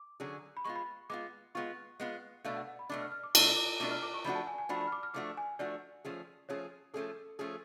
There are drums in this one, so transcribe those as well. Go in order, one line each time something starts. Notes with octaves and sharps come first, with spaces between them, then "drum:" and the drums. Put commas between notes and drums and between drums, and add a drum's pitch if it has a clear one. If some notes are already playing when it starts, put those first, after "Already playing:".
Already playing: D6
D3 F#3 C#4 G#4
B5
G#3 B3 F4 C#6
B5
G#3 B3 F4 D6
G#3 B3 F4 C#6
G#3 B3 F4
B2 A3 D4 F5
F#5
F#5
B5
B2 A3 D4 D6
F6
F6
D6
B2 A3 D4 C#6, drum: cymbal
D6
B2 A3 D4 D6
F6
D6
C#6
F3 A3 D4 F#4 B5
A5
G#5
G#5
F3 A3 D4 F#4 B5
A5
B5
F6
D6
F6
F3 A3 D4 F#4 D6
G#5
F3 A3 D4 F#4 D5
F3 A3 C#4 G#4
F3 A3 C#4 G#4 C#5
F3 A3 C#4 G#4 A4
F3 A3 C#4 G#4